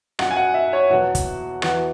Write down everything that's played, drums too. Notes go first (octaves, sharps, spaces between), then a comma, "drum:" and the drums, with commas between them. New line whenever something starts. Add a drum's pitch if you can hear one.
F#2 F#3 F#5, drum: rim click
G#5
F#5
E5
C#5
E2 B2 F#3 F#4
drum: kick, hi-hat
E2 E3 F#4, drum: rim click